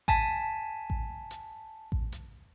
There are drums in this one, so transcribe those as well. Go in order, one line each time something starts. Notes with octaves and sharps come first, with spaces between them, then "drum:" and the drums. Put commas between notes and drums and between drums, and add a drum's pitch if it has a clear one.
G#5 A5 B6, drum: kick A1, hi-hat
drum: kick A1
drum: hi-hat
drum: kick A1
drum: hi-hat